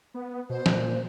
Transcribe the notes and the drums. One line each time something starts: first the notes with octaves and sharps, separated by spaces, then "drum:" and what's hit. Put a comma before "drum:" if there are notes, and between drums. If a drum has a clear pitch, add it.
B3
B2 C5
A#2, drum: snare